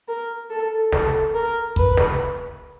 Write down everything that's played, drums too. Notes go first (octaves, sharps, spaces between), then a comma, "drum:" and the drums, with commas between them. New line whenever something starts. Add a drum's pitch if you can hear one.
A#4
A4
A4, drum: snare
A#4
B4, drum: kick
drum: snare